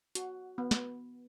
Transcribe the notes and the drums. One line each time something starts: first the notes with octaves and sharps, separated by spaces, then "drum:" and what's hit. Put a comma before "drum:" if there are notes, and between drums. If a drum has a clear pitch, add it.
F#4, drum: hi-hat
B3
drum: snare